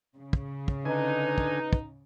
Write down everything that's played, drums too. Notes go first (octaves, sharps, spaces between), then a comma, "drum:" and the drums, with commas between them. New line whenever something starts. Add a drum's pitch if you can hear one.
C#3
drum: kick
drum: kick
D3 D#4 B4 G#5
drum: kick
drum: kick